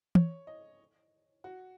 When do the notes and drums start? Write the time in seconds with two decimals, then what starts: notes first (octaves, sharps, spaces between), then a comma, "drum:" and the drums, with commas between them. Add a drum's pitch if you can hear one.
0.15 C#5, drum: tom
0.47 D#5
1.44 F#4